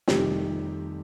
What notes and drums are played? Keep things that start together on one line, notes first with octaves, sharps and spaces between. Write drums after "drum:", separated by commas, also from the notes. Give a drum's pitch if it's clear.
F1 F2 C3 D#3 G3 G4, drum: snare